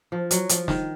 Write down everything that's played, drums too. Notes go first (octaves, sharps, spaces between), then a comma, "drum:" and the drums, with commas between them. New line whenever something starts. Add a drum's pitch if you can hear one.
F3
F#3, drum: hi-hat
F3, drum: hi-hat
D#3, drum: snare